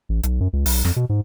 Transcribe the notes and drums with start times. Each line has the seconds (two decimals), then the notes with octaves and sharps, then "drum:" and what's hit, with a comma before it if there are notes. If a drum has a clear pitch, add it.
0.09 A1
0.23 B1, drum: hi-hat
0.40 F#2
0.53 C#2
0.66 B1, drum: open hi-hat
0.84 F2, drum: snare
0.96 B2
1.09 G#2